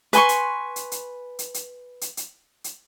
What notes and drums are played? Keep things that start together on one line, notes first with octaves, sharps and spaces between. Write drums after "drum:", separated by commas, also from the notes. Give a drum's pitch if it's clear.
B4 G#5 C6 C#6, drum: hi-hat
drum: hi-hat
drum: hi-hat
drum: hi-hat
drum: hi-hat
drum: hi-hat
drum: hi-hat
drum: hi-hat
drum: hi-hat